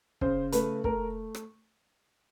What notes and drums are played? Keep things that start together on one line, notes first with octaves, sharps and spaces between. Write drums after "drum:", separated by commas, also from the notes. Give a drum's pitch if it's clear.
C#3 C5, drum: kick
A3 B4, drum: hi-hat
A3 A#4, drum: kick
drum: rim click